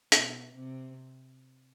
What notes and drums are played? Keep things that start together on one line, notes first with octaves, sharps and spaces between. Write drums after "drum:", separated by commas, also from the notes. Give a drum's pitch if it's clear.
B2, drum: hi-hat
C3